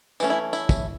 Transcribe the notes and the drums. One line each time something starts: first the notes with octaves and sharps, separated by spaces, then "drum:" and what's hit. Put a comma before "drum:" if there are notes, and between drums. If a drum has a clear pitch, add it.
E3 A3 C#4, drum: tambourine
E4
E4, drum: tambourine
drum: kick, tambourine